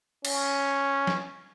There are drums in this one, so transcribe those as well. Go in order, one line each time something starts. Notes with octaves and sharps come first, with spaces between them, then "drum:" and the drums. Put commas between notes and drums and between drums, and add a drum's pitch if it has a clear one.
C#4, drum: cymbal
drum: snare